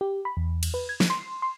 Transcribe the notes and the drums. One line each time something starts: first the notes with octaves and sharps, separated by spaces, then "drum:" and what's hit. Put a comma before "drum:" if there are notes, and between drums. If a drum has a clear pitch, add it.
G4
B5
E2
drum: cymbal
B4
G#6
drum: snare
C6
C6